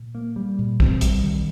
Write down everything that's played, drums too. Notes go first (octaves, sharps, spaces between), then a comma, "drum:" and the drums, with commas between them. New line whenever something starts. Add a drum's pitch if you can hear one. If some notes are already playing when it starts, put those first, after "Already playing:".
Already playing: A#2
A#3
G3
A#2
C4, drum: kick A#1
G3, drum: hi-hat
D#3